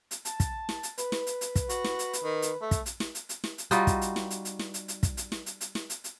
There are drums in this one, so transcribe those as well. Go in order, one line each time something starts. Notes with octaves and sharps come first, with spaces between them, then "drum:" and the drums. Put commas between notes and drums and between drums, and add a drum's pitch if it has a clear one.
drum: hi-hat
A5, drum: hi-hat
drum: kick, hi-hat
drum: snare
drum: hi-hat
B4, drum: hi-hat
drum: snare
drum: hi-hat
drum: hi-hat
drum: kick, hi-hat
F#4, drum: hi-hat
drum: snare
drum: hi-hat
drum: hi-hat
D#3
drum: hi-hat
A3
drum: kick, hi-hat
drum: hi-hat
drum: snare
drum: hi-hat
drum: hi-hat
drum: snare
drum: hi-hat
G3 D#4 F4 F#4, drum: hi-hat
drum: kick, hi-hat
drum: hi-hat
drum: snare
drum: hi-hat
drum: hi-hat
drum: snare
drum: hi-hat
drum: hi-hat
drum: kick, hi-hat
drum: hi-hat
drum: snare
drum: hi-hat
drum: hi-hat
drum: snare
drum: hi-hat
drum: hi-hat